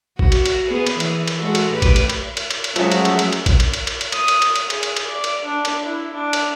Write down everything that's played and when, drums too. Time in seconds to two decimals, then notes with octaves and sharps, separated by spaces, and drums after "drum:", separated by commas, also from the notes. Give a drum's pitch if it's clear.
0.19 F#4, drum: kick
0.32 drum: cymbal
0.46 drum: cymbal
0.68 B3 G#4
0.87 drum: cymbal
1.00 E3, drum: cymbal
1.28 drum: cymbal
1.37 G#3 F#4 A4
1.55 drum: cymbal
1.72 A2 G4 B4
1.82 drum: kick, cymbal
1.96 drum: cymbal
2.10 drum: cymbal
2.37 drum: cymbal
2.51 drum: cymbal
2.64 drum: cymbal
2.76 F3 F#3 G#3 A3 C#4 F#4 E5, drum: cymbal
2.92 drum: cymbal
3.05 drum: cymbal
3.19 drum: cymbal
3.33 drum: cymbal
3.46 drum: kick, cymbal
3.60 drum: cymbal
3.74 drum: cymbal
3.87 drum: cymbal
4.01 drum: cymbal
4.12 D#6, drum: cymbal
4.28 drum: cymbal
4.42 drum: cymbal
4.56 drum: cymbal
4.70 G#4, drum: cymbal
4.83 drum: cymbal
4.97 drum: cymbal
5.07 D5
5.24 drum: cymbal
5.44 D4
5.65 drum: cymbal
5.85 E4
6.14 D4
6.33 drum: cymbal